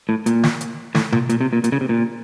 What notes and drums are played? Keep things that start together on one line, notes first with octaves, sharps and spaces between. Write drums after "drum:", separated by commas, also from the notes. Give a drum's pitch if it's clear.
A2
A#2, drum: hi-hat
drum: snare
drum: hi-hat
A2, drum: snare
A#2, drum: tom B2
A#2, drum: hi-hat
C3
A#2
A#2, drum: hi-hat
C#3
C3
A#2